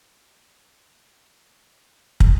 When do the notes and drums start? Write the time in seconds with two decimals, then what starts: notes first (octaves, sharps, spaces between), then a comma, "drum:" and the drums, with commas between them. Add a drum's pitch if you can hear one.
0.03 C#4
0.31 G5
0.77 D3
1.10 A3
1.36 G4
1.69 A5
2.20 drum: kick